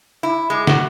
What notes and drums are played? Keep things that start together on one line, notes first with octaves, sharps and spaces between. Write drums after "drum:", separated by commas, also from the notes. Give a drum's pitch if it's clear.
E4
G#3
F#4, drum: snare